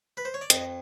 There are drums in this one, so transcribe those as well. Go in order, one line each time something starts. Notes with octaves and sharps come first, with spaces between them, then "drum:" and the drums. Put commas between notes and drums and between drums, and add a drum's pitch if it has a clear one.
B4
C5
C#5
D5
F2 D#5, drum: hi-hat